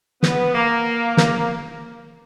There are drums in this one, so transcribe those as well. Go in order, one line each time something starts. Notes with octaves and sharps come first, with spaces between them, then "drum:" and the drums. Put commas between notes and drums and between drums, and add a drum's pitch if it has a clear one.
B3, drum: snare
A#3
A#3, drum: snare